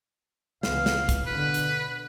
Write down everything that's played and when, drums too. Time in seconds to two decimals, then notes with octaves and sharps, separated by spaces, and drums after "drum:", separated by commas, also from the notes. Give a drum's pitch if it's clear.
0.63 C#2 E3 B3 F5, drum: snare
0.86 drum: snare
1.09 drum: kick, hi-hat
1.26 B2 D3 B4
1.54 drum: hi-hat